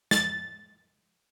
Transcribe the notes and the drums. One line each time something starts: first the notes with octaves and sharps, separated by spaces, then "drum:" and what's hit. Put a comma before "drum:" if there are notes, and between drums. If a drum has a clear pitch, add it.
A6, drum: snare